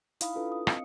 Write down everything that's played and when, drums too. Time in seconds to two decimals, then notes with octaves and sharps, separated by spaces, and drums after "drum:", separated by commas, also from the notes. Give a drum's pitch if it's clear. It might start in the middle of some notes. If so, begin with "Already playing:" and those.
0.21 D#4 E4 F5 B5 D#6, drum: hi-hat
0.35 D4 E4 F4 A4 B4
0.52 D#6
0.67 C4 D#5 F5 C#7, drum: rim click